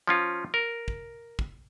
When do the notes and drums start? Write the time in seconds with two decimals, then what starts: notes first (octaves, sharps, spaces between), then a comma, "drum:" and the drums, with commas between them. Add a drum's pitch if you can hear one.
0.07 F3 C#4 F4
0.54 A#4
0.88 drum: kick
1.39 drum: kick